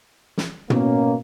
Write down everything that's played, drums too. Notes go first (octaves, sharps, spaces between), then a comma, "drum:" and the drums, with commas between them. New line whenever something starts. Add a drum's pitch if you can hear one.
drum: snare
B2 A#3 C#4, drum: tom